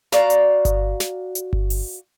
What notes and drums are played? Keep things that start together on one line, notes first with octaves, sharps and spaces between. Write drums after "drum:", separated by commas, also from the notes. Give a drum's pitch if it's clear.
F#4 D5 F5 A#5, drum: snare
drum: hi-hat
drum: kick G1, hi-hat
drum: snare
drum: hi-hat
drum: kick G1
drum: open hi-hat